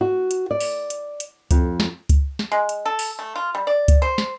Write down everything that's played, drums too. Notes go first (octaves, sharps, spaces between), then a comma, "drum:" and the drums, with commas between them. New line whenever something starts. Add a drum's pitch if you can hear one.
F#4
drum: hi-hat
D5
drum: open hi-hat
drum: hi-hat
drum: hi-hat
F2, drum: kick C#2, hi-hat
drum: snare
drum: kick C#2, hi-hat
drum: snare
G#3
drum: hi-hat
A4
drum: open hi-hat
A3
F4
G3
D5
drum: kick C#2, hi-hat
C5
drum: snare